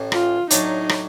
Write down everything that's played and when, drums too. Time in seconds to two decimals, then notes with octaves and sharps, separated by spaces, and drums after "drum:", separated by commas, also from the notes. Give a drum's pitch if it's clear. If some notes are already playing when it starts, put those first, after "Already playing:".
Already playing: A1 A2 E3
0.12 F4, drum: rim click
0.50 A2 F#3 A3 D4 D#4, drum: hi-hat
0.89 drum: rim click